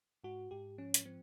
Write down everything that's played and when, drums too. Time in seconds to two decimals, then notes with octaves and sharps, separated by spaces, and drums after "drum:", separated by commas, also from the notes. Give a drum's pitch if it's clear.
0.24 G#2 F#4
0.51 G#2 G4
0.78 F3 C#4
0.94 drum: hi-hat
1.05 F3 C4